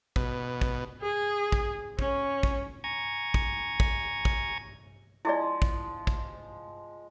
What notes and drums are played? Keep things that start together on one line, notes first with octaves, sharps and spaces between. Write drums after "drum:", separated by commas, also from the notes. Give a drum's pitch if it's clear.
B2, drum: kick
drum: kick
G#4
drum: kick
C#4, drum: kick
drum: kick
G#5 A#5 C#6 G#6
drum: kick
drum: kick
drum: kick
F3 G#3 E4 G#4 D5
drum: kick
drum: kick